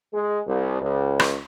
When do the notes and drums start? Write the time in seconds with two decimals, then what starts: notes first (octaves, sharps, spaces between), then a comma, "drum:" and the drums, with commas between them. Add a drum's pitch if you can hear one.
0.13 G#3
0.46 C2
0.80 C#2
1.19 drum: rim click